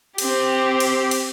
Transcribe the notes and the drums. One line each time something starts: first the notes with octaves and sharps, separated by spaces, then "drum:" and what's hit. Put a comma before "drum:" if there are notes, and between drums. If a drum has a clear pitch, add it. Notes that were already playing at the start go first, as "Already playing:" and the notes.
C4 G4, drum: cymbal
drum: cymbal
drum: cymbal